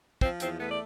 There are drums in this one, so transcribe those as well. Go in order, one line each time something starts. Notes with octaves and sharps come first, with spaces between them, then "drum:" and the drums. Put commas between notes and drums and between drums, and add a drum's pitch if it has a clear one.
F3 C4 C5, drum: kick
E2 C4 C5, drum: hi-hat
A3 B3 B4
D5